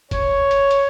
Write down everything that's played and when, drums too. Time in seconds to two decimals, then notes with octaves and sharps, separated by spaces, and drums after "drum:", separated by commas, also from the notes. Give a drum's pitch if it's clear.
0.11 C#5, drum: kick F1, hi-hat
0.51 drum: hi-hat
0.71 drum: hi-hat